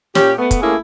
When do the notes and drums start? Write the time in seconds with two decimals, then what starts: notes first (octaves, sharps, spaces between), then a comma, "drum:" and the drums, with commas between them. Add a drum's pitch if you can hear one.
0.15 A#2 C#4 G4, drum: snare
0.39 A3 B3
0.51 drum: kick, hi-hat
0.62 A3 A#3 C#4 E4 G#4